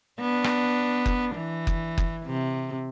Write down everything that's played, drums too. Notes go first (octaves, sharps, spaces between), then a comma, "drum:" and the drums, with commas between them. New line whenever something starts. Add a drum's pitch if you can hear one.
B3 D4
drum: rim click
drum: kick F#1
E3
drum: kick F#1
drum: kick F#1
C3